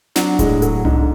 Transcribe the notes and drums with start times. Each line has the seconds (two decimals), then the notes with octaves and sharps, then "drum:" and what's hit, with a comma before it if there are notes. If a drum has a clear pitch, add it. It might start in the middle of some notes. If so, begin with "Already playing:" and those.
0.16 F#3 D4, drum: snare
0.39 A2 G#3, drum: kick D#1, hi-hat
0.62 F#3 A4, drum: hi-hat
0.85 G#2 D4, drum: tom C2